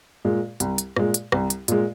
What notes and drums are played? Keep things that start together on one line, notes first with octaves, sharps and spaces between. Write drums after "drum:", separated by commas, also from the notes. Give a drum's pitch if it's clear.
A#2 G#3
C2, drum: hi-hat
drum: hi-hat
A#2 G#3, drum: rim click
drum: hi-hat
C2, drum: rim click
drum: hi-hat
A#2 G#3, drum: hi-hat